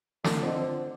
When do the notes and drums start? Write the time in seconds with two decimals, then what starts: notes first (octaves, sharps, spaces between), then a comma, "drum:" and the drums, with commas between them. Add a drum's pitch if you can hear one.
0.24 D3, drum: snare
0.40 F3 C4 D#5
0.61 C5